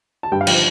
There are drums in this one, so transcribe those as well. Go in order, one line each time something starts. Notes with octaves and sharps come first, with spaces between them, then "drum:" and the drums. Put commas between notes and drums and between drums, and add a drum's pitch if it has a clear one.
A5
G2 G5
F5
F3 G5, drum: cymbal